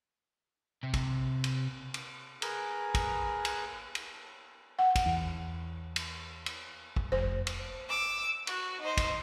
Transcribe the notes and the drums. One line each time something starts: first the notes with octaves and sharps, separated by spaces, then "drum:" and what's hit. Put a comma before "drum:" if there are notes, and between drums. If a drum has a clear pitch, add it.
C3
drum: kick, cymbal
drum: cymbal
drum: cymbal
G#4 A#4 B4 G#5 A#5 F#6, drum: cymbal
drum: kick, cymbal
drum: cymbal
drum: cymbal
F#5
drum: kick, cymbal
E2
drum: cymbal
drum: cymbal
drum: kick
F1 C5
drum: cymbal
D6 E6
F#4, drum: cymbal
D#4 C5
drum: kick, cymbal